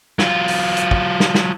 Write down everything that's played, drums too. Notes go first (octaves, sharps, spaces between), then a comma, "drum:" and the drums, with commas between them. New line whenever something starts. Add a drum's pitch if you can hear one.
F#3 F4, drum: snare
drum: open hi-hat
drum: hi-hat
drum: kick
drum: snare
drum: snare